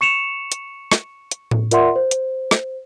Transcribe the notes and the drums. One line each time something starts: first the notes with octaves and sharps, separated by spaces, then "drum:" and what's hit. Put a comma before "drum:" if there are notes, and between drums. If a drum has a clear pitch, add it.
C#6 C#7 E7 F7
drum: hi-hat
drum: rim click
drum: hi-hat
drum: tom A2
F4 A#4 D5 E5 F#5 C6, drum: hi-hat
C5
drum: hi-hat
drum: rim click